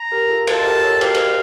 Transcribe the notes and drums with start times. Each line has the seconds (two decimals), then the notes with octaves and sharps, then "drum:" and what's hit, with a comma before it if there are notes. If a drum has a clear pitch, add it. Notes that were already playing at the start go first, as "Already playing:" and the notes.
Already playing: A#5
0.12 G4 A#4
0.30 F4 A4
0.47 F4 A4 A5, drum: cymbal
0.65 G4 A#4
0.83 A4 C#5
1.01 G4 A#4 F5, drum: cymbal
1.14 drum: cymbal